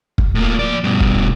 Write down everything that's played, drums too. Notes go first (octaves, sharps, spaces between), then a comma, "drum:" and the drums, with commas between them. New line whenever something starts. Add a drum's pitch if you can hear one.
drum: kick
A2 A#3
F3 D5
G2 B2
drum: kick